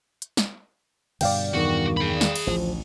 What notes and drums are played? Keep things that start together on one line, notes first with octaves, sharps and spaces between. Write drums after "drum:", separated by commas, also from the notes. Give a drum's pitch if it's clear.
drum: hi-hat
drum: snare
G2 B2 D3 D5 F5 G5, drum: cymbal
E2 D#3 F#4
G#4 B5
drum: snare
drum: cymbal
A1 D2 F3